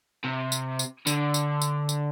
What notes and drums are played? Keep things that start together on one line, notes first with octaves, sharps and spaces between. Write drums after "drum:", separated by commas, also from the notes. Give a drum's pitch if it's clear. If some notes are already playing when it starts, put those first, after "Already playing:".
C3
drum: tambourine
drum: tambourine
D3, drum: tambourine
drum: tambourine
drum: tambourine
drum: tambourine